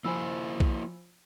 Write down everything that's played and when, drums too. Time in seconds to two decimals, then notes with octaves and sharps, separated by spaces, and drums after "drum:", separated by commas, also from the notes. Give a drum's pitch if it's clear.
0.04 F3 A#3 E4 C5 G#5 B5 E6
0.60 drum: kick B1